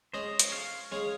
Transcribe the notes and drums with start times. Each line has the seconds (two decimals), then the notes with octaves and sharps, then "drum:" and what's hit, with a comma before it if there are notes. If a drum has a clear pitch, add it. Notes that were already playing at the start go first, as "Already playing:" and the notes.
0.13 G#3 C#4 G#4 C5 D#5
0.39 drum: hi-hat
0.52 C#5 F5
0.91 G#3 C#4 G#4 C#5 F5